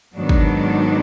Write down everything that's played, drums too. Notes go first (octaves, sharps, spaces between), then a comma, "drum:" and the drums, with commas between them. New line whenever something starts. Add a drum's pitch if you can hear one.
G#2 D#3 F#3 B3 D4
drum: kick